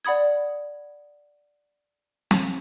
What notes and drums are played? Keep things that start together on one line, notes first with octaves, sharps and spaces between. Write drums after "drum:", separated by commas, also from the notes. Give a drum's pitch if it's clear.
D5 F#5 B5 D#6 G#6
drum: snare